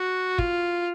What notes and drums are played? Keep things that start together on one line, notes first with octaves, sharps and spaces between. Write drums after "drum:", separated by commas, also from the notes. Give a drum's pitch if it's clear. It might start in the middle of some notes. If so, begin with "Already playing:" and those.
Already playing: F#4
F4, drum: kick